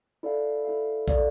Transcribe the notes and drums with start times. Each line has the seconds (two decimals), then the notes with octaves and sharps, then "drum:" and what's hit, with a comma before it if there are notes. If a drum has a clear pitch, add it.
0.23 E4 A4 D5 F5
0.65 E4 A4 D5 F5
1.08 E4 A4 D5 F5, drum: kick